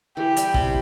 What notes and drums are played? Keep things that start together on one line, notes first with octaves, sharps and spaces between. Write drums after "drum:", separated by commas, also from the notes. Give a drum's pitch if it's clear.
E3 G4
G3, drum: hi-hat
C3, drum: kick